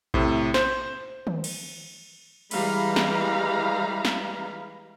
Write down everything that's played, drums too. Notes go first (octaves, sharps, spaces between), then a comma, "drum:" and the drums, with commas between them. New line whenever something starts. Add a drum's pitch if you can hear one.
A2 C3, drum: kick A#1
C5, drum: snare
drum: tom D#3
drum: cymbal
E3 G3 G#3 F5 A#5 B5, drum: cymbal
drum: snare
drum: snare